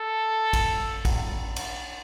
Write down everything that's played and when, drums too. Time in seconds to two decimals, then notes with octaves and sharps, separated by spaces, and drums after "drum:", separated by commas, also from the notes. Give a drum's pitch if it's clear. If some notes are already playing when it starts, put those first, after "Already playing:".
Already playing: A4
0.53 drum: kick, cymbal
1.05 drum: kick, cymbal
1.56 drum: cymbal